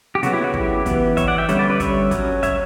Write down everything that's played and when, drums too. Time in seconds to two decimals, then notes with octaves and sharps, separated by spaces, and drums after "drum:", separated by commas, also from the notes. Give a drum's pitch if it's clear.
0.15 G4
0.23 C#3 F#3 B3 F#4, drum: hi-hat
0.33 E4 G4
0.44 F#4
0.54 E4 G4, drum: kick
0.86 E3 B3, drum: kick, hi-hat
1.17 C#5 E5, drum: kick, hi-hat
1.28 D5 F#5
1.38 E5 G5
1.48 D3 G3 C#4 C#5 E5, drum: hi-hat
1.59 B4 D5
1.70 B4 D5
1.80 C#5 E5, drum: kick, hi-hat
2.11 F#3 C#4, drum: kick, hi-hat
2.43 C#5 E5, drum: kick, hi-hat